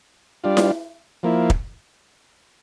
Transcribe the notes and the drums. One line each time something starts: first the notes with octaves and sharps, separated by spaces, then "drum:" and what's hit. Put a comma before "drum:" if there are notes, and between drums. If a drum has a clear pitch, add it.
G3 D4 F4
drum: snare E4
F3 A#3 E4
drum: kick